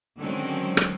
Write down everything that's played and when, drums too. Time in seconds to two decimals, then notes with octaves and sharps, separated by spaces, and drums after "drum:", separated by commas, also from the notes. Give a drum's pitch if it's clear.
0.18 D3 D#3 F#3 G#3 C4 C#4
0.77 drum: rim click